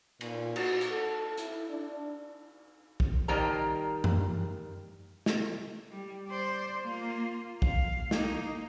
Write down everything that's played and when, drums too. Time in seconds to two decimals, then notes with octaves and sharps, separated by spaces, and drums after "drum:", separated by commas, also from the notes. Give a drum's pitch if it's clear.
0.21 A#2, drum: cymbal
0.56 F#4, drum: cymbal
0.81 drum: hi-hat
0.91 A4
1.38 E4, drum: hi-hat
1.69 D4
3.00 drum: kick B1
3.28 D#3 G3 A#3 C5 A#5
4.04 drum: tom F#2
5.26 drum: snare
5.90 G3
6.27 C5 D5
6.82 A#3 F4
7.62 F5, drum: kick B1
8.11 A#3 D#4, drum: snare